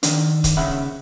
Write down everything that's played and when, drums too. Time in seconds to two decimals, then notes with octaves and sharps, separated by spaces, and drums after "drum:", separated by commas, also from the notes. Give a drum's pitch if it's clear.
0.03 D#3 D4, drum: hi-hat
0.44 drum: kick, hi-hat
0.57 C#3 E5 F#5 B5